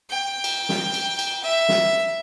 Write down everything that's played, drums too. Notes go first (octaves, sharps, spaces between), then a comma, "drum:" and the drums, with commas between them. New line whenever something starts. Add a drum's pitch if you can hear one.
G5
drum: cymbal
drum: snare
drum: cymbal
drum: cymbal
E5
drum: snare